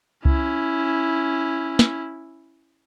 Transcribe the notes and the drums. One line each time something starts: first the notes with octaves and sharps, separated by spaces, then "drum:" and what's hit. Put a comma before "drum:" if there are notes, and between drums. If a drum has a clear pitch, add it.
C#4 E4, drum: kick C2
drum: snare